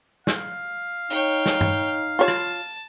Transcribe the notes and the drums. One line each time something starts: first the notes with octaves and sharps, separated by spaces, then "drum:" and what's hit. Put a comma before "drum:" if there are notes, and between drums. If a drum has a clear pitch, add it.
F5, drum: snare
D#4 C#5 G5
drum: snare
drum: tom G2
F4 C#5 A5
drum: rim click